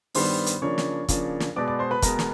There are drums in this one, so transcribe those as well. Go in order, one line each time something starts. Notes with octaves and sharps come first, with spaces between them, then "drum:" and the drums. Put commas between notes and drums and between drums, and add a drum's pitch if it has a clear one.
G2 D#3 G3 B3 C5 C6, drum: open hi-hat
drum: hi-hat
C#3 F3 A#3 D4 C#5 C#6
drum: snare
C#3 F3 A#3 D4, drum: kick, hi-hat
drum: snare
B2 G#3 B3 D5 D6
D5 D6
C5 C6
B4 B5
B2 G#3 B3 A#4 A#5, drum: kick, hi-hat
drum: snare